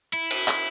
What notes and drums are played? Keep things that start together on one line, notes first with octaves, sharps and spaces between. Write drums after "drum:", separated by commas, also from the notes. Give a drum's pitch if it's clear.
E4
drum: cymbal
drum: clap